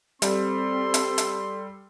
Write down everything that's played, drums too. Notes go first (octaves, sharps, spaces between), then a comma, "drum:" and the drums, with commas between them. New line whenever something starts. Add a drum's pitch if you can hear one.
G3 C4 A4 C6, drum: hi-hat
drum: hi-hat
drum: hi-hat